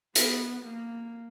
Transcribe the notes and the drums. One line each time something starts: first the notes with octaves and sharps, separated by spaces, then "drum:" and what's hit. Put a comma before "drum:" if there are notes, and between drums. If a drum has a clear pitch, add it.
B3, drum: hi-hat
A#3